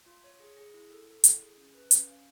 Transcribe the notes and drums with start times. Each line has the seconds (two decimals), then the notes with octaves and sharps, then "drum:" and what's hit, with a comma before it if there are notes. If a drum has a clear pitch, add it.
0.06 F4
0.24 C#5
0.40 G#4
0.56 G#4
0.74 E4
0.90 A4
1.07 A4
1.24 E4, drum: hi-hat
1.40 G#4
1.57 C#4
1.74 B4
1.91 C#4, drum: hi-hat
2.08 F5